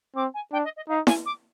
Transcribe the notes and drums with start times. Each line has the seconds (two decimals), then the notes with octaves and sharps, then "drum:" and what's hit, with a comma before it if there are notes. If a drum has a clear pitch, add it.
0.15 C4 D6
0.34 G#5
0.52 D4 G5
0.64 D#5
0.76 D#5
0.89 D#4 F5
1.07 G#5, drum: snare E4
1.26 D6